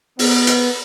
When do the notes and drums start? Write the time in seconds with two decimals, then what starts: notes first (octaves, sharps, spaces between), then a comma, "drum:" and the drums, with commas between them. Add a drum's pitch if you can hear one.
0.19 B3, drum: open hi-hat
0.47 drum: hi-hat